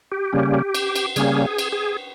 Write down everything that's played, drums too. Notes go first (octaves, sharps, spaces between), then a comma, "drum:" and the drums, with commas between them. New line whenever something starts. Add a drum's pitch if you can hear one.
G4
C#3 G3 A#3 C#4
drum: cymbal
drum: cymbal
C#3 G3 A#3 C#4 G#4, drum: cymbal
G#4
drum: cymbal
G#4